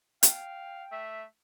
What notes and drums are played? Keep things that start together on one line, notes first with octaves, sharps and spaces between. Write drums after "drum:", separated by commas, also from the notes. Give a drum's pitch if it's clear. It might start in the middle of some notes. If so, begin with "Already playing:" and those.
F5 G5, drum: hi-hat
A3 E5